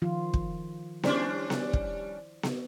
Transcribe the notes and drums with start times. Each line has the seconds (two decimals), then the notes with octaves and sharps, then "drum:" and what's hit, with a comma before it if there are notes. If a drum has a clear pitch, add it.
0.02 D#3 F3 F4
0.34 drum: kick
1.03 G3 C#4 D4 E4 C5 D5, drum: snare B3
1.50 drum: snare B3
1.73 drum: kick
2.43 drum: snare B3